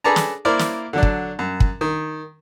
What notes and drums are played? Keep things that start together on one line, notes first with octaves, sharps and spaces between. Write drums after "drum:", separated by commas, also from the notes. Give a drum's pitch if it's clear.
G#4 A4 B4 D5 A5 A#5
drum: snare
A#3 E4 A#4 C5 D5
drum: snare
D3 F#3 D4
drum: kick
F#2
drum: kick
D#3